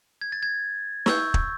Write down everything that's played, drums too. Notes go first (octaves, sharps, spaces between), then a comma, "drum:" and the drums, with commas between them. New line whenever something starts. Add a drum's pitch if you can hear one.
G#6
A6
G#6
C#6 E6 G6, drum: snare
drum: kick